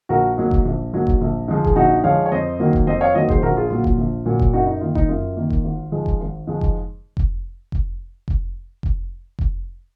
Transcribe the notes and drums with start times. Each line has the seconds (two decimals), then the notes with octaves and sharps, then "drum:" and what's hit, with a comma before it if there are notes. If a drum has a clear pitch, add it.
0.09 A#1 F#4 A#4
0.37 G#2 F#3 A#3
0.51 drum: kick F1
0.65 A#1
0.93 G#2 F#3 A#3
1.07 drum: kick F1
1.21 A#1
1.48 G#2 F3 G#3
1.65 G#4, drum: kick F1
1.76 A#1 D#4 F#4
2.03 G#2 F3 G#3 C#5 F5
2.26 C#5
2.32 F2 C5 D#5
2.59 D#3 F#3 A#3
2.73 drum: kick F1
2.86 F2 C5 D#5
3.01 C#5 F5
3.14 D#3 F#3 A#3 C5 D#5
3.29 G#4 C5, drum: kick F1
3.42 A#1 F#4 A#4
3.56 F4 G#4
3.70 A#2 F#3 A#3 F4
3.84 F4, drum: kick F1
3.98 A#1
4.26 A#2 F#3 A#3
4.39 drum: kick F1
4.53 F#2 D#4 F#4
4.67 D#4
4.81 D#3 A#3 F4
4.95 D#4, drum: kick F1
5.09 F#2 F4
5.37 D#3 A#3
5.50 drum: kick F1
5.64 G#1
5.92 G#2 F3 G#3
6.06 drum: kick F1
6.20 G#1
6.47 G#2 F3 G#3
6.61 drum: kick F1
7.17 drum: kick F1
7.72 drum: kick F1
8.28 drum: kick F1
8.83 drum: kick F1
9.39 drum: kick F1